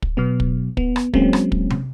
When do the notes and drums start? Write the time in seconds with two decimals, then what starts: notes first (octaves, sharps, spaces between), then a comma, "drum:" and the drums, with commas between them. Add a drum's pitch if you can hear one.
0.02 drum: kick
0.17 B2 F#3 B3
0.40 drum: kick
0.77 B3, drum: kick
0.96 drum: rim click
1.14 F#3 G#3 A#3 C4 C#4, drum: kick
1.33 drum: rim click
1.52 drum: kick
1.70 drum: tom C3